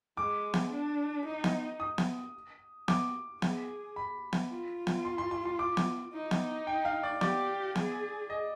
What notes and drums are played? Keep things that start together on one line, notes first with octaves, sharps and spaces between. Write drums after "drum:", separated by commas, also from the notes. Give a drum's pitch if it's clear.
G#3 D6
drum: snare B3
D4
D#4
drum: snare B3
D#6
drum: snare B3
D6, drum: snare B3
G#4, drum: snare B3
B5
drum: snare B3
F4
drum: snare B3
C6
C6
C6
C6
D6
drum: snare B3
D#4
drum: snare B3
G5
F5
D5
G4 D5, drum: snare B3
G#4, drum: snare B3
D#5